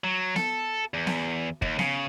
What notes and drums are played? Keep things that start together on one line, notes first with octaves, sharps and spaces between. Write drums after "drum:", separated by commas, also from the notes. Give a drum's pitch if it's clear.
F#3
A4, drum: snare B3
E2
drum: snare B3
D#2, drum: kick G1
C#3, drum: snare B3